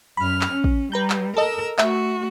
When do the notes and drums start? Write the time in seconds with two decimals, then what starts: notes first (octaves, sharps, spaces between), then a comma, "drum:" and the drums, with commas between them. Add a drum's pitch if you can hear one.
0.17 F#2 B5 F6
0.41 drum: clap
0.51 C#4
0.64 drum: kick A1
0.92 G3 B4 A#5 G6
1.10 drum: clap
1.37 A4 A#4 D#5 E6
1.78 A3 F#4 E5, drum: clap